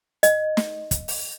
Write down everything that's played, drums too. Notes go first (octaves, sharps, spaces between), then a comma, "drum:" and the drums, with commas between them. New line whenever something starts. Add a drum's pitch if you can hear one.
D#5, drum: hi-hat
drum: snare
drum: kick, hi-hat
drum: open hi-hat